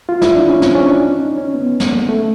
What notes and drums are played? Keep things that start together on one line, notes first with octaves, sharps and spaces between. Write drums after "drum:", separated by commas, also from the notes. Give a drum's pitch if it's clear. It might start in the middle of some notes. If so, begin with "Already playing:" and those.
F4
E4, drum: snare
D4
C#4
C4, drum: snare
C#4
D4
D#4
C#4
C#4
B3
drum: snare
A#3
A3